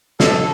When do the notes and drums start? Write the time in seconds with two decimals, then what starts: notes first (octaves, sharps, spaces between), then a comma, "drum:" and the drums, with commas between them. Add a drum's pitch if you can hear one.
0.20 A4, drum: snare